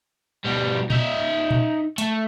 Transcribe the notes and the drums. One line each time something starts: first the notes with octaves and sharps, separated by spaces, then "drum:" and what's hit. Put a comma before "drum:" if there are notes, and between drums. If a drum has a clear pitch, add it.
B2 G3
D#4 E5, drum: tom A#2
drum: tom A#2
A3, drum: hi-hat